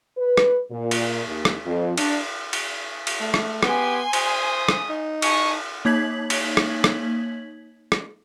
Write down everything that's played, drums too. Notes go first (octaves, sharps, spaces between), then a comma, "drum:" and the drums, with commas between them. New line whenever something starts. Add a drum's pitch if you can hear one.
B4
drum: rim click
A#2
drum: cymbal
D#2
drum: rim click
F2
D4, drum: cymbal
drum: cymbal
drum: cymbal
A3
drum: rim click
B3 G4 G#5 C6, drum: rim click
C5 D#6, drum: cymbal
drum: rim click
D#4
G#5 A5 C#6 D#6, drum: cymbal
A#3 D#4 C#5 G#6 B6 F#7
drum: cymbal
drum: rim click
drum: rim click
drum: rim click